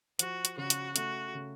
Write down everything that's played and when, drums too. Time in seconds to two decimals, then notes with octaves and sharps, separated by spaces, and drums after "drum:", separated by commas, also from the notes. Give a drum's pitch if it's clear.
0.19 F3 F#4, drum: hi-hat
0.45 drum: hi-hat
0.57 C#3 F#4
0.70 drum: hi-hat
0.96 A3 F#4, drum: hi-hat
1.34 C#3